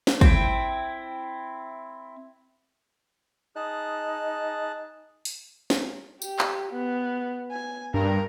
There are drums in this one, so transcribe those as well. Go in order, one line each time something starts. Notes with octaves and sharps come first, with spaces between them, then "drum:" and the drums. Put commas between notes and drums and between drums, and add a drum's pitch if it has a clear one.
drum: snare
C4 E4 G5, drum: kick
D#4 G#4 A5 F#6
drum: open hi-hat
drum: snare
G4, drum: tambourine
drum: clap
B3
G#5
G2 A#4